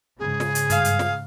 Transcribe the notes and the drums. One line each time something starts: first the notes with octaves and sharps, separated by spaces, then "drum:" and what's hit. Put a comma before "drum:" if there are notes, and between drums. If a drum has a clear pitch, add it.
G#2 C#3 G#4
drum: snare
drum: hi-hat
G2 F5, drum: hi-hat
drum: hi-hat
drum: snare